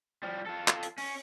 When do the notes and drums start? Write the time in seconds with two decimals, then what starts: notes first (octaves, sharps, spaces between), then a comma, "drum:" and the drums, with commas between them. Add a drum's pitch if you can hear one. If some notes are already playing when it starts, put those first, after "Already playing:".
0.23 F3 G3
0.46 F4 A4
0.68 drum: clap
0.83 drum: hi-hat
0.98 C#4, drum: open hi-hat